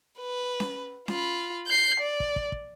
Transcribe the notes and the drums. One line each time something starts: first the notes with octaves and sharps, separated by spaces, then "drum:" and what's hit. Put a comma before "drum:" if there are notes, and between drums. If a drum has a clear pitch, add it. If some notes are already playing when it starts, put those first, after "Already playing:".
B4
drum: snare C#4
F4 B5, drum: snare C#4
G6 C7
D5
drum: kick
drum: kick
drum: kick